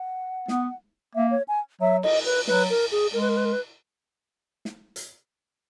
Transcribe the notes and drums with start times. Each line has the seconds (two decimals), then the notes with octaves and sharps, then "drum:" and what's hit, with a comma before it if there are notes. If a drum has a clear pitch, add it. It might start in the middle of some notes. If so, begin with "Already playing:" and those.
Already playing: F#5
0.48 B3, drum: snare
1.15 A#3 E5
1.31 C#5
1.48 G#5
1.81 F#3 E5
2.03 D#5, drum: cymbal
2.25 B4
2.47 F#3 B4, drum: snare
2.70 A#4
2.92 G#4
3.13 G#3 A#4
3.21 B4
3.29 A#4
3.37 B4
3.45 A#4
3.53 B4
4.65 drum: snare
4.96 drum: hi-hat